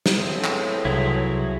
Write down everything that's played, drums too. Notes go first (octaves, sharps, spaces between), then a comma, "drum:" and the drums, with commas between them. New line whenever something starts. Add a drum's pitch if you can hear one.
drum: snare
E2 A2 F3 C4 G#4
drum: clap
C2 F#3 E4